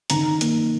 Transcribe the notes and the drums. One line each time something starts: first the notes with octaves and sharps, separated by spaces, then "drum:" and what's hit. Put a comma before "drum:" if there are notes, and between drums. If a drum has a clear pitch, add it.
D#3 A#5, drum: hi-hat
A#3, drum: hi-hat